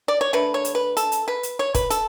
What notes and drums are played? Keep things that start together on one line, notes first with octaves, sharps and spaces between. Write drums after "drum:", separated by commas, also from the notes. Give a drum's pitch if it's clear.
D5
C#5
D3 A3 B4
C#5
drum: hi-hat
B4
A4, drum: hi-hat
drum: hi-hat
B4
drum: hi-hat
C#5
B4, drum: kick, hi-hat
A4, drum: hi-hat